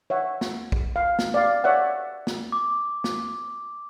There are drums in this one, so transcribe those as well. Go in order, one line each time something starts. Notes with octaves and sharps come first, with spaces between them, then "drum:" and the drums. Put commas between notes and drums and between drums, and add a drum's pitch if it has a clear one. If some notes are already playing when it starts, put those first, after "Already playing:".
C#5 E5 F#5
drum: snare
drum: kick
F5
drum: snare
D5 F5
C#5 D5 E5 F#5
drum: snare
D6
drum: snare